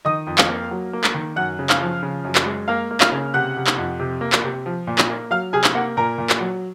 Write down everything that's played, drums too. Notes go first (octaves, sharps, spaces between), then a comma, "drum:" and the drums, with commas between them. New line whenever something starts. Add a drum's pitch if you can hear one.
D#3 D#5 D#6
F2
F5 F6, drum: clap
A#3
F#3
A#3
drum: clap
D#3
F#2 F#5 F#6
C#3
F5 F6, drum: clap
F3
C#3
F#2
drum: clap
G#3
A#3 F5 F6
A#3
F5 F6, drum: clap
C#3
C3 F#5 F#6
C3
drum: clap
F2
C3
A#3
drum: clap
C3
F3
A#2
drum: clap
A#3
F#3 F5 F6
C3 G#4 G#5
drum: clap
A#3 F#5
A#2 A#4 A#5
A#2
drum: clap
F#3